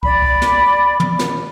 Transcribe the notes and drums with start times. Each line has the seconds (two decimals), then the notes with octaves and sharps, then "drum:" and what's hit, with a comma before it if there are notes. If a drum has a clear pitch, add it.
0.03 D5 B5, drum: kick
0.22 drum: kick
0.42 drum: snare
1.00 drum: tom
1.19 drum: snare